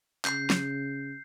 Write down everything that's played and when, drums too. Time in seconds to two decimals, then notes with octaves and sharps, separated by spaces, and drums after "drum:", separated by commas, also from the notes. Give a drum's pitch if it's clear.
0.25 C#3 G6 C7, drum: clap
0.50 drum: snare